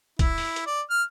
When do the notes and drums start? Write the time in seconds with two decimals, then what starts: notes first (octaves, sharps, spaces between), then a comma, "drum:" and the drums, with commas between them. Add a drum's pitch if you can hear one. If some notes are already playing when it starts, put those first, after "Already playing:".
0.19 E4, drum: kick, hi-hat
0.38 drum: open hi-hat
0.56 drum: hi-hat
0.66 D5
0.90 F6